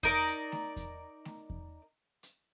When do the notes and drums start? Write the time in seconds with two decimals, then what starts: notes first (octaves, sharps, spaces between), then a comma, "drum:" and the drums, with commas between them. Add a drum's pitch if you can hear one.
0.03 D#4 A#4 D5, drum: kick E2
0.28 drum: hi-hat
0.52 drum: snare A3
0.76 drum: kick E2, hi-hat
1.25 drum: snare A3
1.50 drum: kick E2
2.23 drum: hi-hat